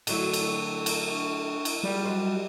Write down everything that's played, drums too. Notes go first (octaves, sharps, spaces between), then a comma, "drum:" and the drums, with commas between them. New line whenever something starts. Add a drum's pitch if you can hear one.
D3 F#3 A3 E4 C#6 E6, drum: cymbal
drum: cymbal
drum: cymbal
D4 C#6
drum: cymbal
G3 F4 G#4
F#3 F#4 C5 D#5